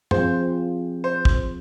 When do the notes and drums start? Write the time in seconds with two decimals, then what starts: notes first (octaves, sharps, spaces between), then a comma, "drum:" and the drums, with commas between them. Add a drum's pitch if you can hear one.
0.11 F3 C4 F4 G#4 C5, drum: tom
1.04 C5
1.25 drum: kick